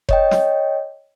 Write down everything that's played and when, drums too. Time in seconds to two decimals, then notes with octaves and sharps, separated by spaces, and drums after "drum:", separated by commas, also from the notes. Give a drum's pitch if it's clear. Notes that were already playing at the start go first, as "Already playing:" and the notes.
0.09 C#5 D#5 G5, drum: kick F1
0.31 drum: snare